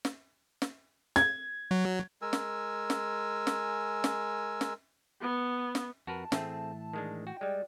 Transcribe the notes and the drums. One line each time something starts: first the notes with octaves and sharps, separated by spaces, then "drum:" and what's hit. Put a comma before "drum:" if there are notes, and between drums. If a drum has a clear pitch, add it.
drum: snare
drum: snare
G#6, drum: snare
F#3
G#3 A#4 G#5 E6
drum: snare
drum: snare
drum: snare
drum: snare
drum: snare
B3
drum: snare
F2 F#4 A#4 B4 A5
A2 E3 A3 C4 G#4 E5, drum: snare
D#3 G#3 D4
F#4 G5
G3 G#3 D5